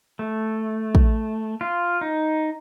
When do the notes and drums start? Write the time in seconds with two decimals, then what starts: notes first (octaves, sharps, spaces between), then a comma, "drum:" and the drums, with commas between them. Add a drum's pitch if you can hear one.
0.19 A3
0.95 drum: kick
1.61 F4
2.01 D#4